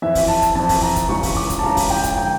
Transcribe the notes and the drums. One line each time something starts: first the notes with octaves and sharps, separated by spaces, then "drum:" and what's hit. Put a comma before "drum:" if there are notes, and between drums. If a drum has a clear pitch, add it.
F2 E3 E5
drum: kick, open hi-hat
A5
drum: kick, hi-hat
F2 E3 A5
drum: kick, open hi-hat
A#5
drum: kick, hi-hat
C#2 C#3 E3 C#6
drum: kick, open hi-hat
D6
drum: kick, hi-hat
A5
C#2 C#3 E3 A#5
drum: kick, open hi-hat
G5
drum: kick, hi-hat
D3 F3 G5